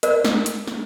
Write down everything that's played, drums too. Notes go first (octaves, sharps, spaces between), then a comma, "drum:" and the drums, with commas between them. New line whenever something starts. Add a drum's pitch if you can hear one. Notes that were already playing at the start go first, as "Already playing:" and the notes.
A#4 D5, drum: hi-hat
drum: snare
drum: hi-hat
drum: snare